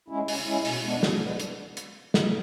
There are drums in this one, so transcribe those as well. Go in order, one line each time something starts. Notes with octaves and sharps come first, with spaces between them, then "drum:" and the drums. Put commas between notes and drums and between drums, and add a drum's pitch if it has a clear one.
G#3 C#4 E4
C#3, drum: open hi-hat
G#3 C#4 E4
B2, drum: open hi-hat
G#3 B3 D4
B2, drum: snare
G#3 B3 D4
drum: hi-hat
drum: hi-hat
drum: snare